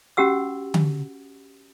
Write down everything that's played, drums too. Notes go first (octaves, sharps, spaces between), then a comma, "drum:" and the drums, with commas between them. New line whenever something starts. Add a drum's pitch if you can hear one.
C#4 F#4 G4 F#5 E6
drum: tom D3